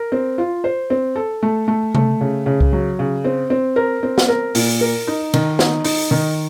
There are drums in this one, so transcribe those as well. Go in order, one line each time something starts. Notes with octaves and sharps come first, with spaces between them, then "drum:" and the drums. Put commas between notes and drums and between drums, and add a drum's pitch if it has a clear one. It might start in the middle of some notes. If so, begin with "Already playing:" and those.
Already playing: A#4
C4
F4
C5
C4
A4
A3
A3
A3, drum: tom C3
C#3
C#3
drum: kick C2
F#3
C#3
C4
C4
A#4
C4
drum: snare
A#4
A#2, drum: open hi-hat
A#4
D#4
D#3, drum: cymbal
D#4, drum: snare
D#4, drum: open hi-hat
D#3